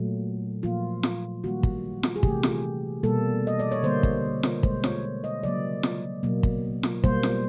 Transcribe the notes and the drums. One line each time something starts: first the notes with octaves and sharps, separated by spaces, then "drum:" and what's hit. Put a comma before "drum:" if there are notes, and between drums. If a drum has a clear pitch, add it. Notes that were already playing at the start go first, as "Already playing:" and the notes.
Already playing: A#2 F#3 A3
A#2 F3 A#3 F4
drum: snare F4
D#3 G3 A#3 F#4
drum: kick
drum: snare F4
G#4
C3 E3 A3 G4, drum: kick
drum: snare F4
B2 G3 A#3 A4
D#5
D5
C#5
D3 G3 A#3 C5
drum: kick
drum: snare F4
B2 G#3 C5, drum: kick
C#5, drum: snare F4
D#5
C#3 F#3 A#3 D5
drum: snare F4
B2 F#3 A#3
drum: kick
drum: snare F4
B2 G3 A#3 C5, drum: kick
drum: snare F4